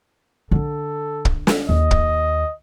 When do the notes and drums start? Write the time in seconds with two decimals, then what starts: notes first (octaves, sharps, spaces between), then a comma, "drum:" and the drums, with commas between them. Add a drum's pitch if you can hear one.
0.51 D3 D4 A4
1.25 drum: kick
1.47 drum: snare
1.69 D#2 D#5
1.91 drum: kick